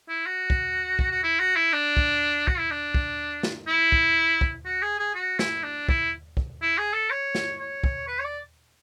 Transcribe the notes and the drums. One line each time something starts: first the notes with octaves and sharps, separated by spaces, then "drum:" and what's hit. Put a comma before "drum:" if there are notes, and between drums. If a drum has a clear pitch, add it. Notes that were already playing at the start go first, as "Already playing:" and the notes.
E4
F#4
drum: kick
drum: kick
F#4
E4
F#4
E4
D4
drum: kick
F#4, drum: kick
E4
D4
drum: kick
drum: snare
E4
drum: kick
drum: kick
F#4
G#4
G#4
F#4
E4, drum: snare
D4
E4, drum: kick
drum: kick
E4
G#4
A4
C#5
drum: snare
C#5
drum: kick
B4
C#5
D5